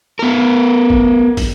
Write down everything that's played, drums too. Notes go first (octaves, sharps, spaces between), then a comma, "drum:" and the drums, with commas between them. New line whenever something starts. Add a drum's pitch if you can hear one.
B3 A#4
drum: kick
drum: kick, open hi-hat